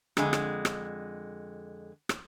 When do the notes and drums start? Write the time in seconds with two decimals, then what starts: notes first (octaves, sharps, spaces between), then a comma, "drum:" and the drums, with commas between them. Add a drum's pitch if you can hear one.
0.17 F2 D3 G#3, drum: rim click
0.33 drum: rim click
0.65 drum: rim click
2.09 drum: rim click